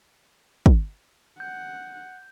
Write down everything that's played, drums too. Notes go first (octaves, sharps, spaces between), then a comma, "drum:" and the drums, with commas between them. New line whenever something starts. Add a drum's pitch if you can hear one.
drum: kick
F#5 G6